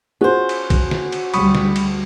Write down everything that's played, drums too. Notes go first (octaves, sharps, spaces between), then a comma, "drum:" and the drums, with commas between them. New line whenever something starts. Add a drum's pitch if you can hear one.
C#4 F4 F#4 G#4 C5
drum: cymbal
drum: kick, cymbal
drum: snare
drum: cymbal
D2 G3 B5 C#6 D#6, drum: cymbal
drum: snare
drum: cymbal